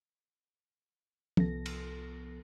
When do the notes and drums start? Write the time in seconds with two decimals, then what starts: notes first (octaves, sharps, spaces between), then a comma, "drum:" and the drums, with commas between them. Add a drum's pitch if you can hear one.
1.37 C2 F3 B3 A4 A#6, drum: tom F3
1.66 drum: cymbal